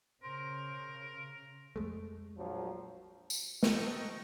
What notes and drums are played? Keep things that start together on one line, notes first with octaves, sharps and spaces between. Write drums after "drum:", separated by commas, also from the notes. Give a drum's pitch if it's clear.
C#3 A#4 C5
F2 G#3 A3
A#1 F3 F#3
drum: tambourine
F#4 A4 A#4 C5 D#5 G5 C#6, drum: snare